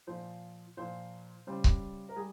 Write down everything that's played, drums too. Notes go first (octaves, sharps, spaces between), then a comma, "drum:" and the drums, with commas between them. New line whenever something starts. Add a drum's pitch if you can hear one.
A#2 F3 C5
A#2 F3 C5
C#3 G3 C5
drum: kick C#1
A#4
G3 G#4